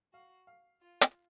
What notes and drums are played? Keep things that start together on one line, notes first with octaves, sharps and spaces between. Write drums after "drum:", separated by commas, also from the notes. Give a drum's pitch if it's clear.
F#4 F5
F5
F4
drum: hi-hat